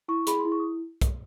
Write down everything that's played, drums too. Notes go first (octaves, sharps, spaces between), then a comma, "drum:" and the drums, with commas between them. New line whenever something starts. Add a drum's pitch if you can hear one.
E4 C#6
G#4 B5, drum: hi-hat
C6
E4
C#6
D#6
drum: kick, hi-hat